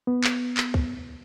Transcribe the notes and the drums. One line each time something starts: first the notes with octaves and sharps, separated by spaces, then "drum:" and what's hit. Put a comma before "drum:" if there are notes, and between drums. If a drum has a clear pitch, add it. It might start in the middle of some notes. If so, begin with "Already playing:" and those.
B3
drum: clap
drum: clap
drum: kick C2